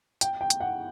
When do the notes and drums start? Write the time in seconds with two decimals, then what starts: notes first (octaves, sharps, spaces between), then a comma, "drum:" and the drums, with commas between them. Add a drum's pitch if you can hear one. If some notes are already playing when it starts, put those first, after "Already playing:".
0.21 G5, drum: hi-hat
0.41 G5
0.50 drum: hi-hat
0.60 F#5